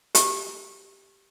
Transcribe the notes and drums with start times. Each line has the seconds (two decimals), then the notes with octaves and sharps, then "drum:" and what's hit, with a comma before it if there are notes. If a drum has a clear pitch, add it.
0.15 G4, drum: hi-hat